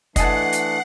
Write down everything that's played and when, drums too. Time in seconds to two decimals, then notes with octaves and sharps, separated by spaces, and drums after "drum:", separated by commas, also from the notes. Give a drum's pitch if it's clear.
0.16 E3 A3 D4 D#5 F#5 G#5 A5 C7, drum: kick, hi-hat
0.53 drum: hi-hat